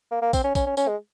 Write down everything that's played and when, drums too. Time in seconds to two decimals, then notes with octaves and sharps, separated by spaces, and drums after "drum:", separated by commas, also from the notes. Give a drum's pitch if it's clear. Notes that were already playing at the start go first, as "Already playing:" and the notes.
0.11 A#3
0.22 A#3
0.33 C4, drum: kick, tambourine
0.44 C#4
0.55 C#4, drum: kick, tambourine
0.66 C#4
0.77 C#4, drum: tambourine
0.88 G#3